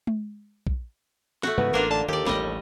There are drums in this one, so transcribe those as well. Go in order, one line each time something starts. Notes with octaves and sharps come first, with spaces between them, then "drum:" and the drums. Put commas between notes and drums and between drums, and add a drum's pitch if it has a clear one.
drum: tom G#3
drum: kick
A3 F#4, drum: snare
G#2 C#3 E3 B3
A1 A#3 D4 F4 A#4
D3 A5
D#2 D#3 G4 A4 D5
A1 G3 A3 D#5, drum: snare